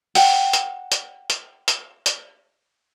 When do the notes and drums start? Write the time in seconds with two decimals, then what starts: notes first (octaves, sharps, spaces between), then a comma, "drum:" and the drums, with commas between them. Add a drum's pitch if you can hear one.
0.15 F#5 G5, drum: open hi-hat
0.53 drum: hi-hat
0.92 drum: hi-hat
1.30 drum: hi-hat
1.68 drum: hi-hat
2.06 drum: hi-hat